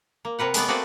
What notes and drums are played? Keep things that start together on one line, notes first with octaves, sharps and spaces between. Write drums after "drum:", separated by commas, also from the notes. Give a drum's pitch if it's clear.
A#3
C3 A#4 B4 F#5
G#3 A3 B3 D5, drum: hi-hat
A3 A#3 C4 F#4 B4 D5